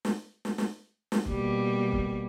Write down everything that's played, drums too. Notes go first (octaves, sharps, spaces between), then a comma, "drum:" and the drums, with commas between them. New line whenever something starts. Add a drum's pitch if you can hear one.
drum: snare
drum: snare
drum: snare
drum: snare
B2 G3 A#3, drum: kick
drum: kick